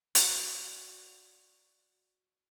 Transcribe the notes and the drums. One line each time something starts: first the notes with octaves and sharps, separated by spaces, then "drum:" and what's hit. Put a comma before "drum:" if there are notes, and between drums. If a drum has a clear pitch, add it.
F#4 D5, drum: hi-hat